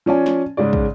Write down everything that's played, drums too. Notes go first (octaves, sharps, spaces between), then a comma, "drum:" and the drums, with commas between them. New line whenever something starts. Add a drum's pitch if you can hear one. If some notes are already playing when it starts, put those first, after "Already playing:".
F3 C#4 D5 G#5
drum: snare
G#2 C#3 G#3 D5
drum: kick